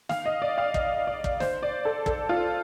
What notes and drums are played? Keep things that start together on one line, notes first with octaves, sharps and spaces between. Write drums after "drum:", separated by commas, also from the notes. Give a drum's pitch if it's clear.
F5, drum: snare
D#5
D5
F5
D#5, drum: kick
D5
drum: kick
C5, drum: snare
D5
A4
A4, drum: kick
F4